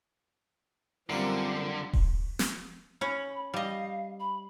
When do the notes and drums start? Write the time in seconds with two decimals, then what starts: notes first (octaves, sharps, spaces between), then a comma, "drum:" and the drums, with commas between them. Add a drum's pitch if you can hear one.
1.10 F#2 D3 F3 G3 A#3 C4
1.93 drum: kick D#1
2.39 drum: snare
3.01 C#4 C#5 B5
3.54 G3 D#5 F5
4.20 B5